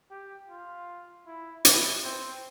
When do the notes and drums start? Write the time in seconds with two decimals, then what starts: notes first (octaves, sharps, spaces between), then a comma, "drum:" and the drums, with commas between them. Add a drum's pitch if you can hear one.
0.11 G4
0.49 F4
1.26 E4
1.65 E4, drum: hi-hat
2.04 C4